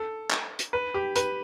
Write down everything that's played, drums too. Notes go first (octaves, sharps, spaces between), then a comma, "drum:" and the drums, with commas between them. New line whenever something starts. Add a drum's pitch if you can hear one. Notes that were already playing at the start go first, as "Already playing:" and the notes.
Already playing: A4
drum: clap
drum: hi-hat
B4
G4
B4, drum: hi-hat